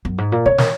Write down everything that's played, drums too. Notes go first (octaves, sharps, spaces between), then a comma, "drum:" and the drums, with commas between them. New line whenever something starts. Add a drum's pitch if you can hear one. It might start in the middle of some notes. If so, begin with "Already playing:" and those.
F#2
G#2
A#2
C#3 C#5
D#3, drum: snare